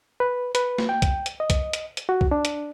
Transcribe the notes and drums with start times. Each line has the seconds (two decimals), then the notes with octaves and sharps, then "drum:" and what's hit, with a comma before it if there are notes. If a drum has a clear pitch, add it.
0.20 B4
0.55 B4, drum: hi-hat
0.78 drum: snare
0.89 G5
1.02 drum: kick C2, hi-hat
1.26 drum: hi-hat
1.40 D#5
1.50 drum: kick C2, hi-hat
1.73 drum: hi-hat
1.97 drum: hi-hat
2.09 F#4
2.21 drum: kick C2
2.31 D4
2.45 drum: hi-hat